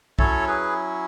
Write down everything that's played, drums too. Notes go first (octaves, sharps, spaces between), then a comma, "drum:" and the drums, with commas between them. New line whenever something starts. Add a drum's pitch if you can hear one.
F#3 C#4 E4 A4 C#5, drum: kick B1
G#4 B4